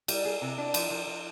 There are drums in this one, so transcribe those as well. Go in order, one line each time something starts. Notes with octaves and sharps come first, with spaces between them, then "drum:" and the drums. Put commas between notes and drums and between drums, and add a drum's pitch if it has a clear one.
G3, drum: cymbal
G#4
C3
D4
F3, drum: cymbal
F3
F3